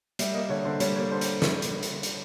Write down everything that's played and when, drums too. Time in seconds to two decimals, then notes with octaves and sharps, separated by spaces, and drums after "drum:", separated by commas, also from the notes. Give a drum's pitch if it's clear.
0.19 G3 E5, drum: hi-hat
0.34 A#3 D#5
0.49 D3 C#5
0.65 D3 C5
0.80 G3 C#5, drum: hi-hat
0.96 A#3 C#5
1.11 D3 C5
1.21 drum: hi-hat
1.42 drum: snare
1.62 drum: hi-hat
1.83 drum: hi-hat
2.03 drum: hi-hat